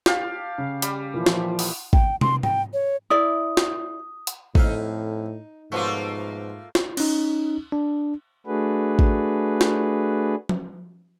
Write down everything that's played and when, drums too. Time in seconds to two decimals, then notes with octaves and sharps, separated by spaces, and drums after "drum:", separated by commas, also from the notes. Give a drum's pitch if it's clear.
0.06 G4 F5 A5, drum: snare
0.58 C#3
0.82 G3, drum: hi-hat
1.14 A#2 E3 F3
1.26 drum: snare
1.59 drum: open hi-hat
1.93 G5, drum: kick
2.21 C6, drum: tom
2.43 G5, drum: tom G#2
2.73 C#5
3.10 E4 D5 D#6
3.57 drum: snare
4.27 drum: hi-hat
4.55 F2 A2 D#4 E4 F5, drum: kick
5.72 G#2 B2 F3 F#3 A3 A#3 F4
6.75 drum: snare
6.97 C#4 D#4, drum: cymbal
7.72 D4
8.47 A3 D4 F#4 G#4 B4
8.99 drum: kick
9.61 drum: snare
10.49 drum: tom F3